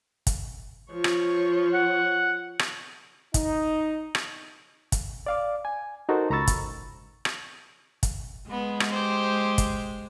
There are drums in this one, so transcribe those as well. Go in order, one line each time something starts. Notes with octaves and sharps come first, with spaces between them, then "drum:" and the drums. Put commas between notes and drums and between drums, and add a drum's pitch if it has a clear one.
drum: kick, hi-hat
F3 C#5
drum: rim click
F#5
drum: rim click
D#4, drum: kick, hi-hat
drum: rim click
drum: kick, hi-hat
D5 F5 D6
G#5
D#4 F#4 A4 A#4 C5
C#2 A#5 B5 C#6 E6 A6
drum: kick, hi-hat
drum: rim click
drum: kick, hi-hat
G#3 B3
drum: rim click
G4 C5
drum: kick, hi-hat